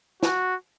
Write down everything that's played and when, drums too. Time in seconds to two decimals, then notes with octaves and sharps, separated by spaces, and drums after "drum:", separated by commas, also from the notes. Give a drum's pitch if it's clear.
0.23 F#4, drum: snare